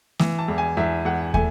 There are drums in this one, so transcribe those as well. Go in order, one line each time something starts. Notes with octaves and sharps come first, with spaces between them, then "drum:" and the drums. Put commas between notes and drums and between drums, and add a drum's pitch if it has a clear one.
E3, drum: snare A3
A5
E2
G#5
E2 E5
E2 F#5
A3 G#5, drum: kick